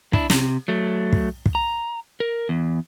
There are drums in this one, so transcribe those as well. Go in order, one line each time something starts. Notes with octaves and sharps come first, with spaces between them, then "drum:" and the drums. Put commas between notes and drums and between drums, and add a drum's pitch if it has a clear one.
D4 E4, drum: kick
C3, drum: snare
F#3 A3
drum: kick
drum: kick
A#5
A#4
E2